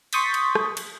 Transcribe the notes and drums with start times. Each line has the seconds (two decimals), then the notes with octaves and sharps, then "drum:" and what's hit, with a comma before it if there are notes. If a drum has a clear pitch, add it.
0.13 C6 C#6 D#6 G6 A6 B6, drum: cymbal
0.34 drum: cymbal
0.55 drum: rim click
0.77 drum: cymbal